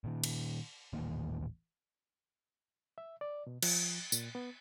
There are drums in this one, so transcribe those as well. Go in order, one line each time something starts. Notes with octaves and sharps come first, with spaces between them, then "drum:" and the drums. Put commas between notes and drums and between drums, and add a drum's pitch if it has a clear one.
A#2 D#3
drum: cymbal
D#1 A1 D#3 A#3
E5
D5
B2
F3, drum: cymbal
A#2, drum: tambourine
B3